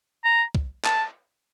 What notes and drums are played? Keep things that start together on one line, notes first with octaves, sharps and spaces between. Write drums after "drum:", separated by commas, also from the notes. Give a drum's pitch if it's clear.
A#5
drum: kick C2
A5, drum: clap